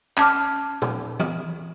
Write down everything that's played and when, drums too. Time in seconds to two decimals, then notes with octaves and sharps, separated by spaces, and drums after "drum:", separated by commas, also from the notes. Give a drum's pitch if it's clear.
0.17 C#4 A5 D6 F6, drum: clap
0.82 drum: tom A#2
1.20 drum: tom E3